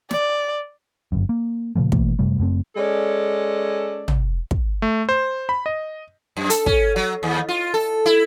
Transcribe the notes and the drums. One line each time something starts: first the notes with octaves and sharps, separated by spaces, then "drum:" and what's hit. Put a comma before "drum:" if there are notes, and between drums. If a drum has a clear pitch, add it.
D5, drum: snare
G1 F#2
A#3
A#2 C#3 F3 A3
B2 E3 A3 A#3, drum: kick
F#2 C3 G3 A3
F#1 F#2 A3 C4
G#3 C#4 A4 D5
drum: tom
drum: kick
A3
C5
B5
D#5
F#2
A4, drum: hi-hat
C#4, drum: kick
F#3
D#2
F4
A4
E4